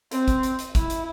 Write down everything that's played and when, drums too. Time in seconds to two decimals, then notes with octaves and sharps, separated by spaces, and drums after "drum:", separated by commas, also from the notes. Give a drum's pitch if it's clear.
0.12 C4, drum: hi-hat
0.28 drum: kick, hi-hat
0.43 drum: hi-hat
0.59 drum: hi-hat
0.75 E4, drum: kick, hi-hat
0.90 drum: hi-hat